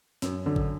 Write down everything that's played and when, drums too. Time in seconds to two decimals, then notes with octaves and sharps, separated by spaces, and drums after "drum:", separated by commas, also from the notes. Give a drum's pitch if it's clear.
0.22 F#2, drum: snare
0.46 D3
0.56 drum: kick G#1